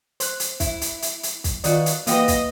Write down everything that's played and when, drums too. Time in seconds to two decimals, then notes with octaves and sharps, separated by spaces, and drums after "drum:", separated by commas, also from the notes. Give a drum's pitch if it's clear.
0.20 C5 F#6, drum: hi-hat
0.40 drum: hi-hat
0.60 E4, drum: kick, hi-hat
0.81 drum: hi-hat
1.02 drum: hi-hat
1.23 drum: hi-hat
1.44 drum: kick, hi-hat
1.64 D#3 F4 F#4 B4 D5 D#5, drum: hi-hat
1.86 drum: hi-hat
2.07 E3 A#3 F#4 G4 B4 D#5 F5, drum: hi-hat
2.28 drum: kick, hi-hat